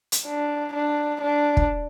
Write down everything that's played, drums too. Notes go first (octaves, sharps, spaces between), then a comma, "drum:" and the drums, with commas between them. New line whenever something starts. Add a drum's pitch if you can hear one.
drum: hi-hat
D4
D4
D4
drum: kick